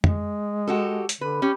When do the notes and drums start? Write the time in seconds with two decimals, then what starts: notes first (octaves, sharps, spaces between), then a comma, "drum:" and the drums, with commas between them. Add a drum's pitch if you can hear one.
0.04 G#3, drum: tom F2
0.67 F#4 G4 A4
1.09 drum: hi-hat
1.21 D3 B4
1.42 C#4 G4